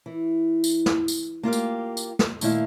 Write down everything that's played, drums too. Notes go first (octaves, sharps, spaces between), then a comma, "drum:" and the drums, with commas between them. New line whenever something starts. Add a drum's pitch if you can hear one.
E3
drum: tambourine
drum: snare
drum: tambourine
A#3 F4 G4 F5
drum: tambourine
drum: tambourine
drum: snare
A#2 D#3 A3 E4 F5, drum: tambourine